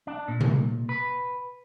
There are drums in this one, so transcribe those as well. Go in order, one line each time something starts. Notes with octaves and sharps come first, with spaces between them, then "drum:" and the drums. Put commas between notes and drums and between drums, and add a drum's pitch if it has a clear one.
D4
A#2
drum: tom C3
B4